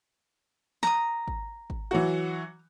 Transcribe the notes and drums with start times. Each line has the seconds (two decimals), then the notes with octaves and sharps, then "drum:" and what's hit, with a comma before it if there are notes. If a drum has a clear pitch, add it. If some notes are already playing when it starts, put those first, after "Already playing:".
0.83 A#5 D#6, drum: snare
1.28 drum: kick G#1
1.70 drum: kick G#1
1.91 E3 F#3 F#4